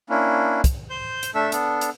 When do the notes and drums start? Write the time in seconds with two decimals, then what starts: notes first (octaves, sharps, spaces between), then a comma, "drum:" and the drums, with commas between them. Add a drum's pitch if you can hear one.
0.10 A#3 C#4 D4 E4
0.64 drum: kick, hi-hat
0.90 C5 C6 G6
1.23 drum: hi-hat
1.35 A3 D4 A4 E5 E6
1.52 B3 D4 A4, drum: hi-hat
1.81 drum: hi-hat